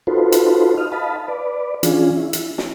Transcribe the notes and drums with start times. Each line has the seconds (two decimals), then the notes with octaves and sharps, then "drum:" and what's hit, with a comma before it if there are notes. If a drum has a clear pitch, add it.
0.07 D#4 F4 F#4 A4 B4 C5
0.32 drum: hi-hat
0.78 D#5 F6
0.92 D#5 F5 A5 B5
1.28 B4 D5
1.83 E3 C#4 D4 F4 G#4, drum: hi-hat
2.17 E4
2.33 drum: hi-hat
2.58 drum: snare